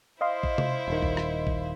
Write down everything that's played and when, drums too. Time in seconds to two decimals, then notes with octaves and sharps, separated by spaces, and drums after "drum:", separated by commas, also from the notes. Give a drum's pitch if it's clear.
0.21 E4 C5 D#5 F5 C6
0.43 drum: kick A1
0.58 drum: tom C3
0.88 D#1 D#3
1.02 drum: kick A1
1.17 drum: rim click
1.47 drum: kick A1